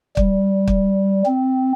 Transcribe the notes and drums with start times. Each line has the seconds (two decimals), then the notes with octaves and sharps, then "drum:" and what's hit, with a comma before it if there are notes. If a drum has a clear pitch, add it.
0.17 G3, drum: kick
0.68 drum: kick
1.26 C4